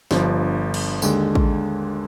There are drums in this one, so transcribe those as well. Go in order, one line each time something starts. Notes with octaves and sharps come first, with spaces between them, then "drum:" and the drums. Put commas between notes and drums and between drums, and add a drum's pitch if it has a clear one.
G1 G2 F3, drum: snare
drum: cymbal
D#2 D3 G#3, drum: tambourine
drum: kick